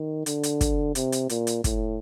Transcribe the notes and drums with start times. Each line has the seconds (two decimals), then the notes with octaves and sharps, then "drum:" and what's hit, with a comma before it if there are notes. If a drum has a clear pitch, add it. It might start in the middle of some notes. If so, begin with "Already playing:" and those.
Already playing: D#3
0.26 D3, drum: hi-hat
0.43 drum: hi-hat
0.61 drum: kick, hi-hat
0.95 C3, drum: hi-hat
1.12 drum: hi-hat
1.29 A#2, drum: hi-hat
1.47 drum: hi-hat
1.64 A2, drum: kick, hi-hat